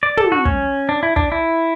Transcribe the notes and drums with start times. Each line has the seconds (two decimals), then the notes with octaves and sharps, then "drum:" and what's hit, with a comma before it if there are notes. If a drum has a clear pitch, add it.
0.03 D5
0.17 A4, drum: tom
0.32 F#4
0.45 C#4, drum: kick
0.89 D4
1.03 E4
1.16 D4, drum: kick
1.32 E4